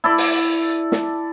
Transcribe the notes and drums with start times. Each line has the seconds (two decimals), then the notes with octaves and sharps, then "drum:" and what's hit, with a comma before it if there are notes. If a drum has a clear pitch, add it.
0.04 E4 A4 D5
0.18 drum: open hi-hat
0.92 drum: snare